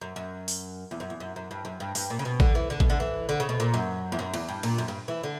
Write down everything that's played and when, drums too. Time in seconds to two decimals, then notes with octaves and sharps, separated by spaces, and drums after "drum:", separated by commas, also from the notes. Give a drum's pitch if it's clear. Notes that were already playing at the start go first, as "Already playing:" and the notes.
0.01 F#2
0.16 F#2
0.48 drum: open hi-hat
0.91 E2
1.00 F#2
1.10 E2
1.20 F#2
1.36 F#2
1.51 G2
1.65 F#2
1.80 G2
1.95 G2, drum: open hi-hat
2.10 A#2
2.19 C#3
2.25 B2
2.40 D3, drum: kick A1
2.55 E3
2.70 D3
2.80 B2, drum: kick A1
2.90 D3
3.00 E3
3.29 D3
3.40 C#3
3.49 B2
3.60 A#2
3.74 F#2
4.12 E2
4.19 F#2
4.34 E2, drum: cymbal
4.48 G2
4.63 A#2, drum: cymbal
4.78 F#2
4.88 G2
5.08 E3
5.23 D3